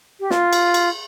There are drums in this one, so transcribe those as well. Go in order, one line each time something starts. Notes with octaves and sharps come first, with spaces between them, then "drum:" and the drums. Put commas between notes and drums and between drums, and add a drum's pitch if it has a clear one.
G4
F4, drum: snare
drum: cymbal
drum: cymbal